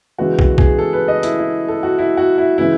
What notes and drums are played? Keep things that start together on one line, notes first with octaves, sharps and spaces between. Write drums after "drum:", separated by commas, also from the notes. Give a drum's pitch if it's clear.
C#3 E3 G#3 B3 F#4
F#4, drum: kick
G#4, drum: kick
A4
B4
D#5
E4, drum: hi-hat
E4
A4
F#4
E4
F#4
E4
C#3 E3 G#3 B3 E4